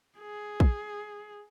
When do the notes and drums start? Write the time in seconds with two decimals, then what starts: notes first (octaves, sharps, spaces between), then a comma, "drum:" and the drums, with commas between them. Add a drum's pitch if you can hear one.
0.19 G#4
0.60 drum: kick